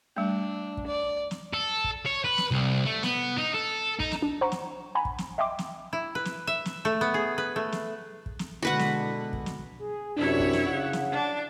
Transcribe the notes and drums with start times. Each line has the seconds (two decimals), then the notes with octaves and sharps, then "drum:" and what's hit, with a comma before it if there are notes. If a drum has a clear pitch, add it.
0.17 G3 A3 D4
0.77 drum: kick
0.87 D5
1.31 drum: snare
1.54 A4
1.84 drum: kick
2.06 C#5
2.24 B4
2.38 drum: snare
2.51 C2
2.85 A3
3.03 B3, drum: snare
3.38 D#4
3.54 A4
4.00 D#4, drum: kick
4.12 drum: snare
4.22 D4
4.41 C5 F#5 A#5 C#6
4.52 drum: snare
4.95 F#5 G#5 A#5 B5
5.05 drum: kick
5.18 drum: snare
5.38 D#5 E5 G5 C6 D6
5.59 drum: snare
5.93 E4
6.15 B4
6.25 drum: snare
6.47 E5
6.65 drum: snare
6.85 A3
7.01 B3
7.14 G#4
7.38 B4
7.56 A3
7.72 drum: snare
8.26 drum: kick
8.39 drum: snare
8.62 B2 D3 G#3 F#4 B4 F#5
8.79 drum: snare
9.33 drum: kick
9.46 drum: snare
9.79 G#4
10.17 F#2 C3 D4 E4 C#5
10.40 drum: kick
10.53 drum: snare
10.66 C#3 F#5
10.93 drum: snare
11.11 D4